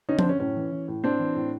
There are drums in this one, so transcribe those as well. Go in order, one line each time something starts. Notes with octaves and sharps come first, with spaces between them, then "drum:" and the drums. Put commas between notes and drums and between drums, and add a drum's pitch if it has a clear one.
D3 C#4 D#4
C4 D4, drum: tom F3
F#2 C#4
A2 C#4
E3
E3
A2
A2 C4 D4
E3
A2